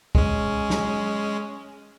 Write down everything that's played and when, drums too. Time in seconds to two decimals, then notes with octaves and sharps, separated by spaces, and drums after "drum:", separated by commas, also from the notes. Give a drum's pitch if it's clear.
0.15 G#3 C#4, drum: kick
0.70 drum: snare